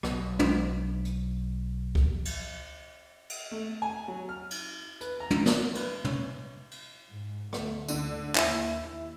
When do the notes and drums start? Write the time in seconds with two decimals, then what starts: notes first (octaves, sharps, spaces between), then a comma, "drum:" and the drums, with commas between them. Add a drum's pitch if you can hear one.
0.03 B1 B2, drum: rim click
0.39 drum: tom
1.05 drum: hi-hat
1.95 drum: kick C#2
2.25 drum: cymbal
3.30 drum: cymbal
3.51 A3
3.82 G#5
4.08 F#3
4.29 F6
4.51 drum: cymbal
5.01 B4, drum: hi-hat
5.20 A#5
5.31 drum: tom
5.46 D5, drum: snare
5.75 B4, drum: cymbal
6.04 C#4, drum: tom
6.71 drum: cymbal
7.10 G#2
7.53 D2 D3 A3, drum: rim click
7.89 D2 G#2 D3, drum: tambourine
8.35 D#2 E4, drum: clap